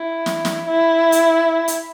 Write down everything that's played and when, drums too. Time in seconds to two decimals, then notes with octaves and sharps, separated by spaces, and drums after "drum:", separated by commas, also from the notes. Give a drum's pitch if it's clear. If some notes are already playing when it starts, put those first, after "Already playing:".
Already playing: E4
0.26 drum: snare
0.45 drum: snare
0.67 E4
1.12 drum: hi-hat
1.68 drum: hi-hat